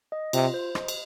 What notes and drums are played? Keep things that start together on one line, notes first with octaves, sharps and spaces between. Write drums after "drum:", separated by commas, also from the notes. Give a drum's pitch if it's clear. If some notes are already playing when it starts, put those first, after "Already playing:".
D#5
C3 F4, drum: cymbal
C5
D#5, drum: rim click
drum: cymbal